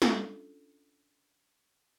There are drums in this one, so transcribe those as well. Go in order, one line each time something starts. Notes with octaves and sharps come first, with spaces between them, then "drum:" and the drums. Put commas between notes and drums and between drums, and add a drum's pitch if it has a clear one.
C#4 D4 F4 A4, drum: snare